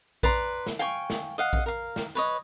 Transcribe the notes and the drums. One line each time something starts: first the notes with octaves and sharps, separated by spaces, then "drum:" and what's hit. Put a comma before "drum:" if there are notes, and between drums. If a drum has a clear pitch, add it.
B4 D5 A#5 C6, drum: kick A#1
drum: snare
F5 G5 G#5 C#6
drum: snare
D#5 F5 F#5
drum: kick A#1
A#4 F5
drum: snare
B4 C#5 D#5